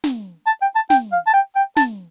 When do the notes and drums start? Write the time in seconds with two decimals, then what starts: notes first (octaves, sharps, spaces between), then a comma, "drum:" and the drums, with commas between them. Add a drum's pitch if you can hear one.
0.04 drum: snare
0.46 A5
0.62 G5
0.75 A5
0.90 G5, drum: snare
1.12 F5
1.27 A5
1.34 G5
1.56 G5
1.77 A5, drum: snare